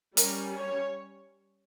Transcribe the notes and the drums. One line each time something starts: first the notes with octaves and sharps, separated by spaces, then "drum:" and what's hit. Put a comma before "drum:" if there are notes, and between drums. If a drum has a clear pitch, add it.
G3 C#4 A#4, drum: hi-hat
C#5